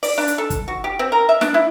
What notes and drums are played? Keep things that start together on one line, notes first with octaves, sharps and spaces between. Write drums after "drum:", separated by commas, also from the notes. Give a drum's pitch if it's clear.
D5, drum: open hi-hat
D4
drum: hi-hat
A4
drum: kick, hi-hat
F#4
G4
C4
A#4
E5
D4, drum: snare
E4